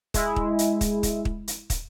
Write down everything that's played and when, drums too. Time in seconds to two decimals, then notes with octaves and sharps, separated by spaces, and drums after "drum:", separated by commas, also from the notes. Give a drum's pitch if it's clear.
0.14 G#3 E4, drum: kick, hi-hat
0.36 drum: kick
0.59 drum: hi-hat
0.81 drum: kick, hi-hat
1.03 drum: kick, hi-hat
1.25 drum: kick
1.48 drum: hi-hat
1.70 drum: kick, hi-hat